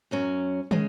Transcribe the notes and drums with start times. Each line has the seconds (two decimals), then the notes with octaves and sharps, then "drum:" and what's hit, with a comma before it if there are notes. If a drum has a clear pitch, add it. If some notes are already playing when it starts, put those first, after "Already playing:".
0.11 F#2 F#3 C#4
0.71 C#3 G#3 C#4, drum: tom